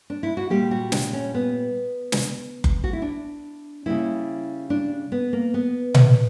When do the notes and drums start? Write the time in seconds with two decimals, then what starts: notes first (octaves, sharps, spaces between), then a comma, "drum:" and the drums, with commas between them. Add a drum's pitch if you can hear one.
0.10 D4
0.23 E4
0.37 F#4
0.50 A#2 G3 A#3 G4
0.71 F#4
0.92 D4, drum: snare
1.13 C#4
1.34 B3
2.12 drum: snare
2.64 drum: kick F#1
2.84 F#4
2.93 E4
3.02 D4
3.86 C#3 G3 A#3 E4
4.70 D4
5.12 B3
5.33 A#3
5.54 B3
5.94 drum: tom A#2